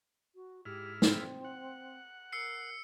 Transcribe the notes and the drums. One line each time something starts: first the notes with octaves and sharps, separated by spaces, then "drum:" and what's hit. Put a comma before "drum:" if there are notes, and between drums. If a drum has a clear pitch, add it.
F#4
G#2 E4 G4 F6
C4, drum: snare
F#5
A#4 E6 C7 C#7